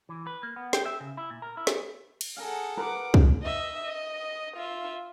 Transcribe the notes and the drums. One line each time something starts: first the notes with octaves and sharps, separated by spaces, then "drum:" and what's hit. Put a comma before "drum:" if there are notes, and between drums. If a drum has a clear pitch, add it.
E3
B4
A#3
B3
G5, drum: snare
E5
C#3
E4
A#2
A#4
E4
drum: snare
drum: cymbal
G#4 A4 F5 F#5 G#5 A#5
A#4 B4 F#5 D6
drum: kick
D#5 E5
D#5
F4 E5